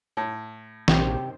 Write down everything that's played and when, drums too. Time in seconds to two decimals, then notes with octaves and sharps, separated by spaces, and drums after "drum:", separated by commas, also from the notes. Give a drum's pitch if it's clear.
0.17 A2
0.88 A#1 F#2 C3 D#3 G4 C5, drum: snare